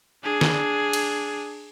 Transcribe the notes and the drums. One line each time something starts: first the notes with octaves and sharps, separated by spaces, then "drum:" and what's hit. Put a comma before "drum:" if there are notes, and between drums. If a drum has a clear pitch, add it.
D4 G#4
drum: snare
drum: cymbal